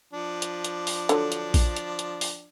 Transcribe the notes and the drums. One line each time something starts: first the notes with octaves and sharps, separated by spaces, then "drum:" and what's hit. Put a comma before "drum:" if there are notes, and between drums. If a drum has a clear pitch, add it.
F3 D4
drum: hi-hat
drum: hi-hat
drum: open hi-hat
D3 F#3, drum: hi-hat
drum: hi-hat
drum: kick A#1, open hi-hat
drum: hi-hat
drum: hi-hat
drum: open hi-hat